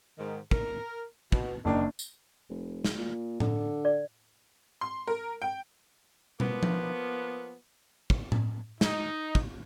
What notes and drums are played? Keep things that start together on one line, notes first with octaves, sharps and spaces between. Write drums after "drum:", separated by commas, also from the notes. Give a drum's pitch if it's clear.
G#2 D#3
A#4, drum: kick
B2, drum: kick
F#1 D#3 D4
drum: tambourine
F1
drum: snare
A#2
D3, drum: tom A2
D5
C6
A#4
G5
F3 A#3 B3, drum: tom
drum: tom F3
drum: kick
drum: tom A2
D#4, drum: snare
drum: kick